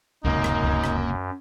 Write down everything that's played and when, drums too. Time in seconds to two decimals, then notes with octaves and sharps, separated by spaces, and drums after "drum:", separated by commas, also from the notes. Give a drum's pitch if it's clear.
0.25 D1 C#2 F#2 C3 A#3 D#4, drum: kick C#2
0.44 drum: rim click
0.64 drum: kick C#2
0.84 drum: rim click